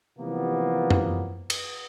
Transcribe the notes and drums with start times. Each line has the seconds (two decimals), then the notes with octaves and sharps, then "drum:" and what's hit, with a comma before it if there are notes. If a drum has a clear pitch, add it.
0.19 C3 E3 F3 G3 A#3 B3
0.90 drum: tom F#2
1.50 drum: cymbal